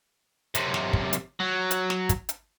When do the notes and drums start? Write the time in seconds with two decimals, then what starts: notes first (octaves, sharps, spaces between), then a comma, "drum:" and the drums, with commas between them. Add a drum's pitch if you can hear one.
0.55 F#2 C3, drum: hi-hat
0.74 drum: snare
0.93 drum: kick
1.13 drum: hi-hat
1.40 F#3
1.71 drum: hi-hat
1.90 drum: snare
2.09 drum: kick, hi-hat
2.29 drum: hi-hat